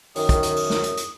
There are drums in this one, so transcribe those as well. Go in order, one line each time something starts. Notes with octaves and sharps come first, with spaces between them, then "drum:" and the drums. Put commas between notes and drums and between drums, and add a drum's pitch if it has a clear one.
F#2 D#3 D#6, drum: open hi-hat
drum: kick, hi-hat
drum: hi-hat
drum: open hi-hat
drum: snare
drum: hi-hat
drum: hi-hat